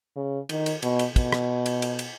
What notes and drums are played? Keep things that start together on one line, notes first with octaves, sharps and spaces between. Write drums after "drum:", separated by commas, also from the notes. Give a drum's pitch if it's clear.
C#3
D#3, drum: cymbal
drum: cymbal
B2, drum: cymbal
drum: cymbal
B2, drum: kick, cymbal
drum: rim click
drum: cymbal
drum: cymbal
drum: cymbal